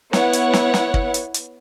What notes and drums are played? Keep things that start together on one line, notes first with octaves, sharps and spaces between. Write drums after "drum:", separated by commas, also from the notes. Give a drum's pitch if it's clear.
B3 E4 C#5 F#5, drum: snare
drum: hi-hat
drum: snare
drum: snare
drum: kick
drum: hi-hat
drum: hi-hat